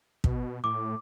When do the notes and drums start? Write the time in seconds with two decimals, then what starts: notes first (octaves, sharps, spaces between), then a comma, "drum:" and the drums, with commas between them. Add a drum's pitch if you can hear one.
0.24 B2, drum: kick
0.64 A2 D6